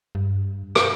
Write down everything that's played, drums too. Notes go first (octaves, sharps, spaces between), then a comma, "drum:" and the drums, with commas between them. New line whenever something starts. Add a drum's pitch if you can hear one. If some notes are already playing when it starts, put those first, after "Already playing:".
G2
drum: rim click